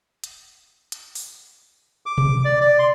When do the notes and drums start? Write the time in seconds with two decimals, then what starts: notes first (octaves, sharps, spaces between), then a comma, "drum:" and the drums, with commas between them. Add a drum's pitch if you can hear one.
0.24 drum: hi-hat
0.92 drum: hi-hat
1.15 drum: open hi-hat
2.06 D6
2.18 drum: tom B2
2.45 D5
2.61 D5
2.79 C6